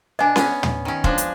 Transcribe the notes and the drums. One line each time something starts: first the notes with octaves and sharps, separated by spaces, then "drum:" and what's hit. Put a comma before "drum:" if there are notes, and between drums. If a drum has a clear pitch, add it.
B2 D4 D#5 G#5
B3 C#4, drum: snare C#4
drum: tom
D#3 C#4
F3 G#3 D4, drum: kick
drum: hi-hat